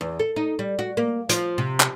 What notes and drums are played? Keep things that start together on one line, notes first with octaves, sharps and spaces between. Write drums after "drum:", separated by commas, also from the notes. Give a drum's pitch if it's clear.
E2
A4
D#4
G3
F#4
A#3
F3, drum: hi-hat
C3
drum: clap